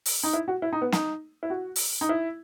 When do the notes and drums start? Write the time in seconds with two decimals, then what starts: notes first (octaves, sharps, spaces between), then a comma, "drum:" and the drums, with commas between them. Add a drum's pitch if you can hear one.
0.06 drum: open hi-hat
0.23 D#4
0.33 E4
0.48 F#4
0.62 E4
0.73 D#4
0.82 B3
0.92 D#4, drum: snare
1.43 E4
1.50 F#4
1.76 drum: open hi-hat
2.01 D#4
2.09 E4